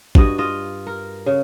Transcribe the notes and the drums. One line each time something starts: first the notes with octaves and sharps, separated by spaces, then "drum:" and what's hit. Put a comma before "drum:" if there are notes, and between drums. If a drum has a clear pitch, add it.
G2 F#4 D#5, drum: kick A1
F4 D#5
A#4
C#3